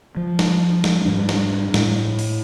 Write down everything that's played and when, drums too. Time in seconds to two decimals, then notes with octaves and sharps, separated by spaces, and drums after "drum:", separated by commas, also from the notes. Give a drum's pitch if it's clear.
0.17 F3
0.39 drum: snare
0.84 drum: snare
1.05 G#2 G3 D4
1.29 drum: snare
1.74 A2, drum: snare
2.19 drum: open hi-hat